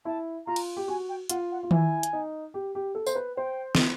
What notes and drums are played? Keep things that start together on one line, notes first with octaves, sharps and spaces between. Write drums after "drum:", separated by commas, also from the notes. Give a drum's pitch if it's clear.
E4 A5
F4 A#5
drum: cymbal
G4
F#4 G#5
G5
F4 F#5, drum: hi-hat
F#5
F4
E4 G#5, drum: tom D#3
drum: hi-hat
D#4
G4
G4
A4
C5, drum: tambourine
B4
C5 G5
drum: snare